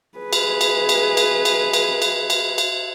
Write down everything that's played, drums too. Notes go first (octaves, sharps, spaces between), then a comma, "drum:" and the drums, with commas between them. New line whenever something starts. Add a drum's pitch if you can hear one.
G#4 B4
drum: cymbal
drum: cymbal
drum: cymbal
drum: cymbal
drum: cymbal
drum: cymbal
drum: cymbal
drum: cymbal
drum: cymbal